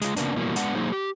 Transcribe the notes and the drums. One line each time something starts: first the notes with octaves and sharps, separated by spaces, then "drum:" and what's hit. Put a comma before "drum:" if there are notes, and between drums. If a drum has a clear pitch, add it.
G#3 F4, drum: hi-hat
C#3 A#3 B3 D4, drum: hi-hat
B2 E3 F#3 G3 A#3
G#3 B3 D4 F#5, drum: hi-hat
F#3 A#3 D#4 G#4 C5
G4